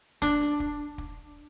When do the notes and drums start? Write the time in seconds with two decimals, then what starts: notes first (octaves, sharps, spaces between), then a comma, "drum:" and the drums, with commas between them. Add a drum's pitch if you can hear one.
0.22 D4, drum: kick
0.41 drum: snare
0.60 drum: kick
0.98 drum: kick